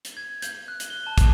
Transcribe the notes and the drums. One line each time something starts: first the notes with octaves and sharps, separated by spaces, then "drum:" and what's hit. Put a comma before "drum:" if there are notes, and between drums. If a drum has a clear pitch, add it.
drum: hi-hat
G#6
G6, drum: hi-hat
F#6
drum: hi-hat
G7
A5
drum: kick, hi-hat